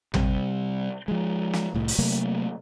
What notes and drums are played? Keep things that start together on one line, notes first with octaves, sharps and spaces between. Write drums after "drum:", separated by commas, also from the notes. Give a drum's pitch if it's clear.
C3 G3 A#3 C4, drum: tom
F3 G#3
drum: snare
C2 A2
drum: open hi-hat
C3 F#3 A3 A#3